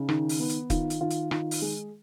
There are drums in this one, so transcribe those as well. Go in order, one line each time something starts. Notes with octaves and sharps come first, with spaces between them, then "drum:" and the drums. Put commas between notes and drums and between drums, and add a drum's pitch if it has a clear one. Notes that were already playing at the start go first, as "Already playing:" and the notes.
Already playing: C#3 D#4
D#3, drum: rim click
drum: open hi-hat
B3
drum: hi-hat
D#3 F4, drum: kick, hi-hat
drum: hi-hat
D#3 F4
drum: hi-hat
D#3 F4, drum: rim click
drum: open hi-hat
G#3 G#4